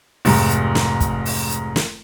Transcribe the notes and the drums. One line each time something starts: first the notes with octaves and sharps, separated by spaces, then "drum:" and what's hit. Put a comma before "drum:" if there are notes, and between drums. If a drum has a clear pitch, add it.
F1 G#2, drum: open hi-hat
drum: hi-hat
drum: snare
drum: kick, hi-hat
drum: open hi-hat
drum: hi-hat
drum: snare